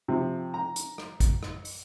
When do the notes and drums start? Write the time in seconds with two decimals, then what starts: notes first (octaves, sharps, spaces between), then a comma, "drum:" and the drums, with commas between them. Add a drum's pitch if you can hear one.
0.08 C3 F3
0.54 A#5
0.76 drum: hi-hat
0.98 drum: rim click
1.20 drum: kick, hi-hat
1.43 drum: rim click
1.65 drum: open hi-hat